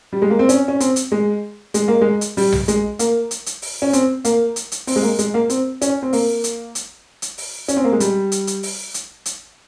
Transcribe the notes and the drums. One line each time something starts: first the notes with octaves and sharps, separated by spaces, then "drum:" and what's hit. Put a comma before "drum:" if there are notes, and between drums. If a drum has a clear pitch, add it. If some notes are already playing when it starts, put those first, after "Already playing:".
G3
G#3
A#3
C4
C#4, drum: hi-hat
C#4
C4, drum: hi-hat
drum: hi-hat
G#3
G#3, drum: hi-hat
A#3
G#3
drum: hi-hat
G3, drum: open hi-hat
drum: tom B1
G#3, drum: hi-hat
A#3, drum: hi-hat
drum: hi-hat
drum: hi-hat
drum: open hi-hat
C#4
C4, drum: hi-hat
A#3, drum: hi-hat
drum: hi-hat
drum: hi-hat
C4, drum: open hi-hat
G#3
A#3
G#3, drum: hi-hat
A#3
C4, drum: hi-hat
C#4, drum: hi-hat
C4
A#3, drum: open hi-hat
drum: hi-hat
drum: hi-hat
drum: hi-hat
drum: open hi-hat
C#4, drum: hi-hat
C4
A#3
G#3
G3, drum: hi-hat
drum: hi-hat
drum: hi-hat
drum: open hi-hat
drum: hi-hat
drum: hi-hat